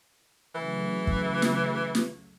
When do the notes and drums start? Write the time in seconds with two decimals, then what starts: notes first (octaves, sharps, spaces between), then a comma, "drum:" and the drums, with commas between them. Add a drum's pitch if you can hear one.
0.55 C#3 E3 F#3 A3
1.07 drum: kick
1.42 drum: snare
1.95 drum: snare